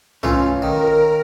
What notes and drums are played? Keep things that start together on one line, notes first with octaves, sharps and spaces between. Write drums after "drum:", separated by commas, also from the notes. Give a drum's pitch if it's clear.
E3 A3 C#4 F4, drum: tom
D#3 A#4